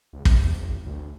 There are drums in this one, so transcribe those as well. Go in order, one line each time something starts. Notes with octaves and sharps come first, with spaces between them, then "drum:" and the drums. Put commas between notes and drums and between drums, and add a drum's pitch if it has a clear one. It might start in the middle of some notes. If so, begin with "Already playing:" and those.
C#2
C3, drum: kick
E2
G#1
D2